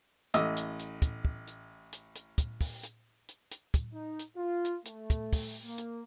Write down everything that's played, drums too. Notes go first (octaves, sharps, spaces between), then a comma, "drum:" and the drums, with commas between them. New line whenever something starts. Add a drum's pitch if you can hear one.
A1 D#5 D#6 E6, drum: hi-hat
drum: hi-hat
drum: hi-hat
drum: kick, hi-hat
drum: kick
drum: hi-hat
drum: hi-hat
drum: hi-hat
drum: kick, hi-hat
drum: kick, open hi-hat
drum: hi-hat
drum: hi-hat
drum: hi-hat
drum: kick, hi-hat
D#4
drum: hi-hat
F4
drum: hi-hat
A3, drum: hi-hat
drum: kick, hi-hat
drum: kick, open hi-hat
A#3
drum: hi-hat